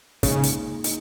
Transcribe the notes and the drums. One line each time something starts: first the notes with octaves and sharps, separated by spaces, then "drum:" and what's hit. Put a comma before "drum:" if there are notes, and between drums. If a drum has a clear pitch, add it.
A#2 C#3 G#3 D#4, drum: kick, hi-hat
drum: hi-hat
D#4, drum: hi-hat